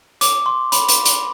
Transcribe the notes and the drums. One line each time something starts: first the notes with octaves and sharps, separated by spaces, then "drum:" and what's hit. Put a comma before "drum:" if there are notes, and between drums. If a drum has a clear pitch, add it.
D6, drum: hi-hat
C6
B5, drum: hi-hat
drum: hi-hat
drum: hi-hat